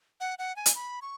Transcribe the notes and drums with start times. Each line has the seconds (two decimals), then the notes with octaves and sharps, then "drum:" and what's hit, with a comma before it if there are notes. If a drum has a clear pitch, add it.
0.20 F#5
0.39 F#5
0.56 G#5
0.66 drum: hi-hat
0.75 B5
1.02 C#6